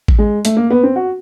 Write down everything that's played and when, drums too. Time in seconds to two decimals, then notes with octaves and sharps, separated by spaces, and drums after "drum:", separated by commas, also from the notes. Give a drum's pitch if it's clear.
0.08 drum: kick A1
0.18 G#3
0.45 A3, drum: hi-hat
0.57 A#3
0.70 B3
0.83 C4
0.96 F#4